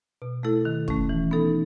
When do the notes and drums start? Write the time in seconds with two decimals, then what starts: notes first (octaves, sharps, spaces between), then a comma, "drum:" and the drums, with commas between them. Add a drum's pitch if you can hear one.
0.22 B2
0.43 A3 E4 A4
0.65 D#3
0.88 A3 C#4, drum: kick
1.09 E3
1.31 B3 D#4 A4